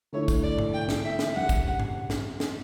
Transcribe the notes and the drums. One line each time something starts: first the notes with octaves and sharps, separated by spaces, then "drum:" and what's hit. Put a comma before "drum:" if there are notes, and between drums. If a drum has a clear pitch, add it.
D3 A3 E4 C#5
drum: kick, tambourine
D5
drum: tom G#2
G5
drum: snare
E5
drum: snare
F#2 C#3 G3 D4 F#5
drum: kick, tambourine
drum: tom G#2
drum: snare
drum: snare